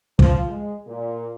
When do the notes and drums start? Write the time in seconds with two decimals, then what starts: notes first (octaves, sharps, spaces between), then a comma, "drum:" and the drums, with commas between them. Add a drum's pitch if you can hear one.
0.19 F3, drum: kick
0.49 G#3
0.87 A#2